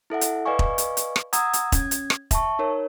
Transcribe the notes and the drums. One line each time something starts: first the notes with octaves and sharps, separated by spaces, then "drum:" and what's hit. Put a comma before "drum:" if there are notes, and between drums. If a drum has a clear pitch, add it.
E4 A4 E5 F#5
drum: hi-hat
B4 D5 D#5 F5 G#5 C#6
drum: kick E1
drum: hi-hat
drum: hi-hat
drum: rim click
F#5 A#5 D#6 E6 G#6, drum: hi-hat
drum: hi-hat
C#4 G#6, drum: kick E1, hi-hat
drum: hi-hat
drum: rim click
E5 A5 C#6, drum: kick E1, hi-hat
D#4 A#4 C#5